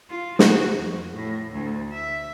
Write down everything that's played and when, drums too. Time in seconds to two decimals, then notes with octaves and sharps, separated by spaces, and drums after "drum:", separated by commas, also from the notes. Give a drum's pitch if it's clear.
0.10 F4
0.39 F#4, drum: snare
0.76 F2
1.14 A2
1.51 D2
1.92 E5